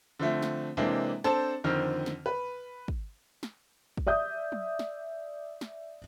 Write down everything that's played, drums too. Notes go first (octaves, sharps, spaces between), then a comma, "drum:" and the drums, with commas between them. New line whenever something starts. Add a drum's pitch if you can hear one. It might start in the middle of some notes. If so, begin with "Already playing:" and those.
D3 F3 A3 C4
drum: snare
C3 E3 G#3 A#3 C4 D4
C4 D4 A4 C5 A5, drum: snare
F2 D3 D#3 C4 F6
drum: snare
B4
drum: kick
drum: snare
drum: kick
D5 E5 D#6 G6
drum: tom F#3
drum: snare
drum: snare